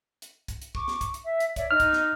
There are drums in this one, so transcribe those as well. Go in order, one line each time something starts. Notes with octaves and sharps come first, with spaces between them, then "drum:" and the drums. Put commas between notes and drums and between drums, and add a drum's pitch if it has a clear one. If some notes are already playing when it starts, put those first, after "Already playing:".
drum: hi-hat
drum: kick, hi-hat
drum: hi-hat
C#6 D6, drum: kick
drum: snare
drum: kick, hi-hat
drum: hi-hat
E5
drum: hi-hat
C#5 D5 E5, drum: kick, hi-hat
D#4 F6
drum: kick, hi-hat
drum: snare